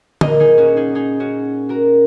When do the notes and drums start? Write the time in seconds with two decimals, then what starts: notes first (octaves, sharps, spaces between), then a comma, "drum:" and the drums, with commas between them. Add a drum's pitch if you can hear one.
0.21 A#2 A#3 A#4 D#5, drum: tom D3
0.40 D#4 G#4
0.58 C#4 F#4
0.76 D#4 G#4
0.95 D#4 G#4
1.20 C#4 F#4
1.69 F#4 A#4